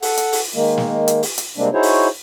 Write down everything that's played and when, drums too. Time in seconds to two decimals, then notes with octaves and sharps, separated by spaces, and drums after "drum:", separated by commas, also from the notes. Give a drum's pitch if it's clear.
0.02 A4 F#5, drum: open hi-hat
0.17 drum: hi-hat
0.32 drum: open hi-hat
0.55 D#3 G#3 A#3
0.78 drum: snare
1.08 drum: hi-hat
1.23 drum: open hi-hat
1.38 drum: hi-hat
1.57 C3 G3 G#3 A#3 C4 D4
1.74 D#4 E4 F#4 G#4 C5 C#5
1.83 drum: open hi-hat